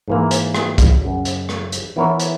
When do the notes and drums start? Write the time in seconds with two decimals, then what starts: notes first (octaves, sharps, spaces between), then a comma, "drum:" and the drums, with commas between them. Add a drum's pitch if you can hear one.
0.08 G#2 E3 A#3
0.31 drum: hi-hat
0.55 drum: rim click
0.78 drum: kick C2, hi-hat
1.01 F#2 C#3 F#3
1.25 drum: hi-hat
1.49 drum: rim click
1.72 drum: hi-hat
1.96 E3 B3 E4 A#4 C#5
2.20 drum: hi-hat